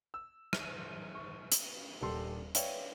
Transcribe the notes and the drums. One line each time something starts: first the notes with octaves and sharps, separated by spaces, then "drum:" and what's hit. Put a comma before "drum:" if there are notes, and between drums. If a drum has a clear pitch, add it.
E6
drum: rim click
C#6
drum: hi-hat
D#1 G4 A4 C6
B4 C#5 D5 E5 F5 G5, drum: hi-hat